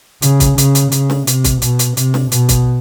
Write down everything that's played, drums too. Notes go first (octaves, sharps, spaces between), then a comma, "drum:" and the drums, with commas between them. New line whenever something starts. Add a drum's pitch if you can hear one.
C#3, drum: hi-hat
drum: kick, hi-hat
C#3, drum: hi-hat
drum: hi-hat
C#3, drum: hi-hat
drum: snare
C3, drum: hi-hat
drum: kick, hi-hat
B2, drum: hi-hat
drum: hi-hat
C3, drum: hi-hat
drum: snare
B2, drum: hi-hat
drum: kick, hi-hat